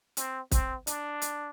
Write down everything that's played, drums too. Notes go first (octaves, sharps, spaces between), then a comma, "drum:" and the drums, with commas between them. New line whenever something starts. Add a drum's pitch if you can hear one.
C4, drum: hi-hat
C4, drum: kick, hi-hat
D4, drum: hi-hat
drum: hi-hat